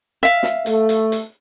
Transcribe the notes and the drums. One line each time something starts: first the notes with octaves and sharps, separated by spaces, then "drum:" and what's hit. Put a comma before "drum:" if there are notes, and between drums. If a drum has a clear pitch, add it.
E5 F5
drum: snare
A3, drum: hi-hat
drum: hi-hat
drum: hi-hat